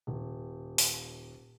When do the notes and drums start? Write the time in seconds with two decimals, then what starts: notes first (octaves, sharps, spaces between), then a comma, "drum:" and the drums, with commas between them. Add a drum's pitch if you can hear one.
0.07 D#1
0.78 drum: open hi-hat